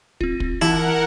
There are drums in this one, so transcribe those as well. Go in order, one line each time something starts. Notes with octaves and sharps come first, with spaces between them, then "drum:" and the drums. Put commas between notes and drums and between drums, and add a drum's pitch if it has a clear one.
C4 F4, drum: kick
drum: kick
E3 E4 A#4 F#5 A5